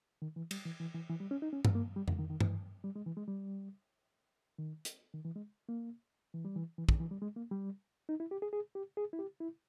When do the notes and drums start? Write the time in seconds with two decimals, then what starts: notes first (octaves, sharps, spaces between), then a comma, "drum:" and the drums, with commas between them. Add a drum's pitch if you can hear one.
0.22 D#3
0.36 E3
0.51 G3, drum: cymbal
0.65 E3
0.80 E3
0.94 E3
1.10 E3
1.20 G3
1.31 C#4
1.42 D#4
1.53 C#4
1.65 drum: tom G2
1.75 A#3
1.96 G3
2.08 E3, drum: tom F2
2.19 D#3
2.30 D#3
2.40 E3, drum: tom G2
2.84 G3
2.96 G#3
3.06 E3
3.17 G#3
3.28 G3
4.59 D#3
4.85 drum: hi-hat
5.14 D#3
5.25 E3
5.36 G#3
5.69 A#3
6.34 E3
6.45 G3
6.56 E3
6.78 E3
6.89 D#3, drum: kick
7.00 E3
7.11 G3
7.22 G#3
7.36 A#3
7.51 G3
8.09 D#4
8.20 E4
8.31 G4
8.42 G#4
8.53 G#4
8.75 G4
8.97 G#4
9.13 E4
9.19 G4
9.40 E4